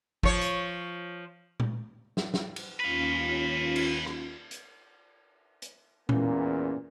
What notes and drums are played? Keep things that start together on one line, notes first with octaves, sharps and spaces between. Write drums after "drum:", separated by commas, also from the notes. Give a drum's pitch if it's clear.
F3 C#5, drum: kick
drum: hi-hat
drum: tom A#2
drum: snare
drum: snare
drum: cymbal
D#2 C#4 F4 B4 F5 B6
drum: cymbal
drum: rim click
drum: hi-hat
drum: hi-hat
E2 A#2 A#3 C#4, drum: tom A#2